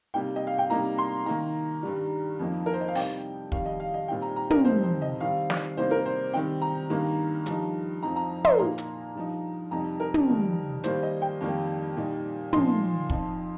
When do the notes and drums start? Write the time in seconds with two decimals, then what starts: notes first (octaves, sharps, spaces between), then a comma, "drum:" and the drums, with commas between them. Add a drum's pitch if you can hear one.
0.14 C3 G3 A#3 D#4 G5
0.36 D#5
0.47 F5
0.58 G5
0.70 C3 G3 A#3 D#4 A#5
0.98 C6
1.26 D#3 A#3 D#4 A#5
1.83 G2 D#3 G3
2.39 F2 F3 A#3 D#4
2.66 A#4
2.73 C5
2.81 D#5
2.88 F5
2.95 C3 G3 D#4 G5, drum: open hi-hat
3.52 F2 D#3 G3 F5, drum: kick
3.66 D#5
3.80 F5
3.94 D#5
4.08 A#2 G3 C4 D#4 G5
4.22 A#5
4.36 A#5
4.50 A#4, drum: tom
4.64 F2 C3 G3 C4 D#4 C5
4.83 C5
5.02 D#5
5.21 D#3 G3 C4 F5
5.50 drum: snare
5.77 C3 G3 A#3 D#4 C5
5.91 A#4
6.05 C5
6.33 D#3 G3 C4 D#4 G5
6.61 A#5
6.90 G2 D#3 A#3 D#4
7.46 G2 F3 D#4, drum: hi-hat
8.02 F2 F3 C4 D#4 A#5
8.16 A#5
8.45 C6, drum: tom
8.59 A#2 A#3 D#4 A#5
8.78 drum: hi-hat
9.15 G2 F3 D#4
9.71 F2 C3 G3 D#4 A#5
10.00 A#4
10.14 drum: tom
10.28 F2 D#3 G3 D#4
10.84 D#3 G3 A#3 D#4 C5, drum: hi-hat
11.03 D#5
11.22 G5
11.41 F2 D#3 G3 A#3
11.97 A#2 G3 D#4
12.53 A#2 F3 D#4 C6, drum: tom
13.10 F2 F3 D#4, drum: kick